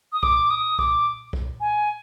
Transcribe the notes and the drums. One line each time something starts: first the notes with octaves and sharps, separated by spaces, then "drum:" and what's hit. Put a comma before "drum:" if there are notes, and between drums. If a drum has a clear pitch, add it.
D#6
D6, drum: kick B1
D#6
D6, drum: kick B1
drum: kick B1
G#5